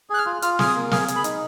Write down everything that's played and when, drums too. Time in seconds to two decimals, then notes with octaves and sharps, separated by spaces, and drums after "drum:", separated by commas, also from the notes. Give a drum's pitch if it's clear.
0.10 G#4 F#6
0.18 F6
0.26 F4
0.42 F4 F6, drum: hi-hat
0.59 G#4 F6, drum: snare
0.68 D#6
0.75 A#3
0.91 G#4 F6, drum: snare
1.08 G#4, drum: hi-hat
1.16 B5
1.24 D#4, drum: hi-hat